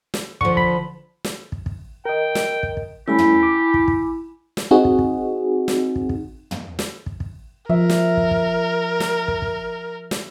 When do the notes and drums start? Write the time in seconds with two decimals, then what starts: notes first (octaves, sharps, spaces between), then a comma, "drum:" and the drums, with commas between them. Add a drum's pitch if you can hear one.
0.14 drum: snare
0.41 D3 F3 C#6, drum: kick
0.57 B5, drum: kick
1.24 drum: snare
1.52 drum: kick
1.66 drum: kick
2.05 A#4 D#5 G5
2.35 drum: snare
2.63 drum: kick
2.77 drum: kick
3.08 G3 A3 C#4 E4 G4 G#5 B5
3.18 drum: tom
3.43 D6
3.74 drum: kick
3.88 drum: kick
4.57 drum: snare
4.71 C4 D#4 F#4 G#4
4.85 drum: kick
4.99 drum: kick
5.68 drum: snare
5.96 drum: kick
6.09 drum: kick
6.51 drum: tom
6.79 drum: snare
7.06 drum: kick
7.20 drum: kick
7.70 F3 A#4 E5
7.90 drum: snare
8.17 drum: kick
8.31 drum: kick
9.00 drum: snare
9.28 drum: kick
9.42 drum: kick
10.11 drum: snare